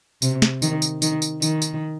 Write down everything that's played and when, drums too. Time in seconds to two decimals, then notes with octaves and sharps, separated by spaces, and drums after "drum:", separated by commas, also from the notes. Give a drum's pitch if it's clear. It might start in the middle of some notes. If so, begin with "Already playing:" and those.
0.22 C3, drum: tambourine
0.42 drum: snare
0.62 D#3, drum: tambourine
0.82 drum: tambourine
1.02 D#3, drum: tambourine
1.22 drum: tambourine
1.42 D#3, drum: tambourine
1.62 drum: tambourine